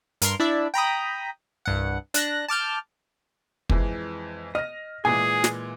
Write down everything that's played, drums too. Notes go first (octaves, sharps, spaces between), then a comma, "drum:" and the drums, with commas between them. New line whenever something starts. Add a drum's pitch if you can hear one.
G2 A#4 C6, drum: hi-hat
D4 E4 D5 E5
G5 A#5 B5 D#6
C2 G2 F#5
D4 F#6 A#6, drum: hi-hat
A5 D6 F6 G6
F2 E3 G#3, drum: kick
D#5 F6 A#6
A#2 E3 G#3 G#4 G#5
drum: snare